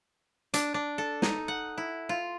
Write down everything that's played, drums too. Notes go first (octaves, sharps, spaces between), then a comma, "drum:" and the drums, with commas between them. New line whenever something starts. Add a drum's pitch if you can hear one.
D4, drum: hi-hat
D4
A4
D#4, drum: snare
F#5
E4
F4